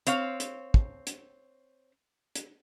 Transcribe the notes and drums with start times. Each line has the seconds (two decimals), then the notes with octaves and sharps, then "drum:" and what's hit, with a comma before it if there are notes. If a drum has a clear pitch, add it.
0.07 C4 C#5 F5, drum: hi-hat
0.40 drum: hi-hat
0.74 drum: kick
1.07 drum: hi-hat
2.35 drum: hi-hat